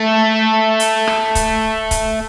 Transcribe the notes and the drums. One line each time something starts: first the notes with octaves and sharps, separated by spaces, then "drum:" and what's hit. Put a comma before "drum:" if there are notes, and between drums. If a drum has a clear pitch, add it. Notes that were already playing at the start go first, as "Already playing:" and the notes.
Already playing: A3
drum: hi-hat
drum: rim click
drum: kick C#1, hi-hat
drum: kick C#1, hi-hat